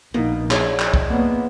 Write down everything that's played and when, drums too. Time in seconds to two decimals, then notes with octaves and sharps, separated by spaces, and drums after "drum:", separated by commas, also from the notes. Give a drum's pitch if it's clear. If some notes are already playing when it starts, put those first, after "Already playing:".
0.14 A#1 B2 A#3 D#4
0.51 G#3 D4 E4 C#5, drum: clap
0.79 drum: clap
0.94 drum: kick
1.09 A#3 B3